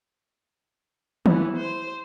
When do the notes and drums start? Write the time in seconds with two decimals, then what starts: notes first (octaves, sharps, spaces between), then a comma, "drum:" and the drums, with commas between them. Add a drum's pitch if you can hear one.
1.26 E3 B3, drum: tom D#3
1.57 C5